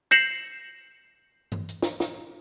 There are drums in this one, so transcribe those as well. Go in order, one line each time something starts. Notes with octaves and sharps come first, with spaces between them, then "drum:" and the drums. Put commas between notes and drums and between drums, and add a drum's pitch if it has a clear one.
G6 A#6 C7 C#7 E7 F#7, drum: rim click
drum: tom G2
drum: hi-hat
drum: snare
drum: snare